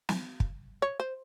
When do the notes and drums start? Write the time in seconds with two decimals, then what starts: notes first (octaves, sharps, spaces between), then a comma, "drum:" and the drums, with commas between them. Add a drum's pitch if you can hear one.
0.09 drum: snare
0.40 drum: kick
0.82 C#5
1.00 C5